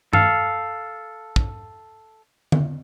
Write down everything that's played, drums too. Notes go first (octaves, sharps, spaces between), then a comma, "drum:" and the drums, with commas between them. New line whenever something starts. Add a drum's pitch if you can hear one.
A4 F5, drum: tom G2
drum: kick
drum: tom D3